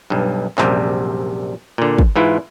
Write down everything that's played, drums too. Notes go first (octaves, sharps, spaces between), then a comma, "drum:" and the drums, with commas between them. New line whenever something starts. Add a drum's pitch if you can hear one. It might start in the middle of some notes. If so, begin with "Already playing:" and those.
B1 G2
A#1 F#2 C3 G3, drum: clap
A#2 D3
drum: kick
G#2 E3 E4 F4